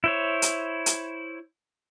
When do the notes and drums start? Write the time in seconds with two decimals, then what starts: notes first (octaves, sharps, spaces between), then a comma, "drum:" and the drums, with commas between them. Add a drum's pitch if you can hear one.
0.04 E4 C5 C#5
0.42 drum: hi-hat
0.86 drum: hi-hat